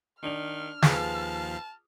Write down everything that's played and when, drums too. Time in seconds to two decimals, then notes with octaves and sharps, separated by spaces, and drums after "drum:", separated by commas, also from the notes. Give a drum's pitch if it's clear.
0.23 D#3 D4 D5 F6 F7
0.82 D#2 F3 F4 G#4 B4 F5 A5, drum: snare